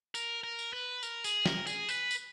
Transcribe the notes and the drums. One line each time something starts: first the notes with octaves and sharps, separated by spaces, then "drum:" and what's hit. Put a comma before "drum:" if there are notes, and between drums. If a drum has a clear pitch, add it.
A#4, drum: tambourine
A#4
drum: tambourine
B4
A#4, drum: tambourine
G#4, drum: tambourine
A#4, drum: snare
G#4, drum: tambourine
B4, drum: tambourine
drum: tambourine